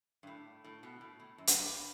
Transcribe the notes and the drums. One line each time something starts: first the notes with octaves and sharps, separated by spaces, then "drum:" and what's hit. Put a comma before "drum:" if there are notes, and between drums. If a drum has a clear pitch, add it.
G2
A2
A2
B2
A2
A2
F#2
G2, drum: hi-hat
G2